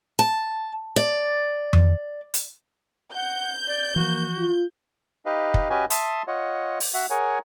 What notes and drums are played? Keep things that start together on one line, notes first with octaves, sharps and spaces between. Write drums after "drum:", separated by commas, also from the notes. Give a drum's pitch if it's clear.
A5
D5
drum: tom F2
drum: hi-hat
F#5 G6
D5
E3 F3 A#3 F#4
F4
D#4 G4 B4 D#5 F5
drum: kick
C#4 F#4 G4 B4 D#5 G#5
E5 A5 C6 D#6, drum: hi-hat
F4 C#5 D#5 F#5
drum: open hi-hat
F#4 E5 F#5
G#4 A#4 C#5 F#5 G#5